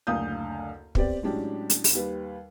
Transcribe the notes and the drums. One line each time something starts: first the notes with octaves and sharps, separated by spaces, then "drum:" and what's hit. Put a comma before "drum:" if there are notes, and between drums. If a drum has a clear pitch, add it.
F#1 D2 F5 D#6 G6
B3 C4 G4 D5, drum: kick
A2 F#3 G#3 C#4 D4 G4
drum: hi-hat
drum: open hi-hat
D#2 G3 B4